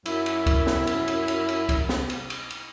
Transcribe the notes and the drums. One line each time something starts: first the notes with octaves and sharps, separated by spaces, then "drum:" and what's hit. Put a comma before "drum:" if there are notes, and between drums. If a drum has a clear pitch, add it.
F#2 E4, drum: cymbal
drum: cymbal
drum: kick C2, cymbal
drum: snare
drum: cymbal
drum: cymbal
drum: cymbal
drum: cymbal
drum: kick C2, cymbal
drum: snare
drum: cymbal
drum: cymbal
drum: cymbal